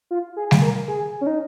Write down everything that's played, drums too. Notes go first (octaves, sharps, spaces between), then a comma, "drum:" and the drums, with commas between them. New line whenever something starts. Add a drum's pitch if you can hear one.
F4
G#4
drum: snare G3
A#4
G#4
C#4
D#4